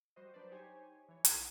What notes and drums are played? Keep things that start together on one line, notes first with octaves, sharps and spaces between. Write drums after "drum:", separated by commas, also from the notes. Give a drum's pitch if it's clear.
G3 F#4 C5 D#5
F#3 D4 B4 C5 D5
D#4 G4 C5 C#5 G#5
E3 C#5
A#1 D#4 E4 G#4 F#5 C6, drum: hi-hat